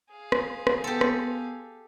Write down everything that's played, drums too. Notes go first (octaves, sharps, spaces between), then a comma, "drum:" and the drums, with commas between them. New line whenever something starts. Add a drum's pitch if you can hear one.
G#4 F5
drum: rim click
drum: rim click
B3 G4 A4
drum: rim click